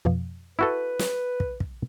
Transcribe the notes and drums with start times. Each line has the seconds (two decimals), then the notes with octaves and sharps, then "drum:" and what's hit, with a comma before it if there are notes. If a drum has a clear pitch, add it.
0.05 F2 B2 F3
0.59 E4 F#4 A4 B4
0.99 drum: snare
1.40 drum: kick
1.60 drum: kick